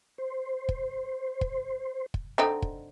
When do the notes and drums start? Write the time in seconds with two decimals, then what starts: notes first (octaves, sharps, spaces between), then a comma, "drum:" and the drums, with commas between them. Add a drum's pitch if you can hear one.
0.18 C5
0.69 drum: kick
1.41 drum: kick
2.14 drum: kick
2.38 D3 C4 D#4
2.62 drum: kick